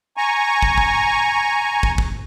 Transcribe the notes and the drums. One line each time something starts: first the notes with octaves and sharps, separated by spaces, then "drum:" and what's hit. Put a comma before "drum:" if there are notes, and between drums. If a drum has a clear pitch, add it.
G#5 A#5 C#6
drum: kick
drum: kick
drum: kick
drum: kick